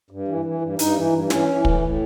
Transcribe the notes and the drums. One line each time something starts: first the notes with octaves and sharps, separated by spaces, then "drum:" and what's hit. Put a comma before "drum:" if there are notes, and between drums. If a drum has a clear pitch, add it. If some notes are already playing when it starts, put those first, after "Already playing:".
G2
E3
E3
G2
G2 D#4, drum: hi-hat
E3
G2
E3 C#4, drum: snare
E3
A2, drum: kick
A2